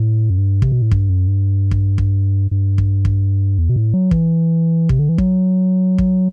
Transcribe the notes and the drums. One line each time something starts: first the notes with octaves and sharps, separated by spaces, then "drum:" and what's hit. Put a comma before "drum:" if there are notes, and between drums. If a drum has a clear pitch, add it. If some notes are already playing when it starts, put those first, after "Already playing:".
Already playing: A2
F#2
G2
C3, drum: kick
B2
A2
G2, drum: kick
F#2
G2
drum: kick
drum: kick
G2
drum: kick
drum: kick
E2
B2
A2
F#3
E3, drum: kick
C3, drum: kick
D3
E3
F#3, drum: kick
drum: kick